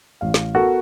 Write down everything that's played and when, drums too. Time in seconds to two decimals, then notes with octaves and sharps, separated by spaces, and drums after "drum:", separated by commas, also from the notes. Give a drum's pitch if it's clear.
0.21 A1 F5
0.34 drum: snare
0.55 B3 F#4 A4 A#4